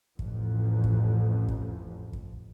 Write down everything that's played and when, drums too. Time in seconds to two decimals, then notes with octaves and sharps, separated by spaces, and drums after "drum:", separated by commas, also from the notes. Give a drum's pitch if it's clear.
0.19 A1 F2, drum: kick
0.84 drum: kick
1.49 drum: kick
2.13 drum: kick